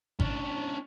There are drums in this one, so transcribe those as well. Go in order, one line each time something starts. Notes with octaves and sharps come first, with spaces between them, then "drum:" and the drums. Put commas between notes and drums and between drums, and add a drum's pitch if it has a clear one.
C#4 D4, drum: kick G#1